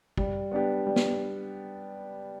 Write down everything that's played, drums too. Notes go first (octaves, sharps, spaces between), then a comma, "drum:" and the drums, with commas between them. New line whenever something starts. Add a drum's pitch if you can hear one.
G3, drum: kick
B3 D4 G4
G3
drum: snare